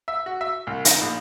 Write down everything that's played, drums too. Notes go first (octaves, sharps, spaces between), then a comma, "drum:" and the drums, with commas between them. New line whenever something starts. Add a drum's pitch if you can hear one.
E5
F#4
E5
C2
D#4, drum: hi-hat
A#1